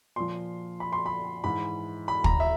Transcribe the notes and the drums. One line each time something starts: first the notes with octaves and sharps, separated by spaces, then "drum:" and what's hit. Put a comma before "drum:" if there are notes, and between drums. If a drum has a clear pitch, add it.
A#2 F3 C6
B5
C6
B5
G#2 E3 B5
B5
A#5, drum: kick
E5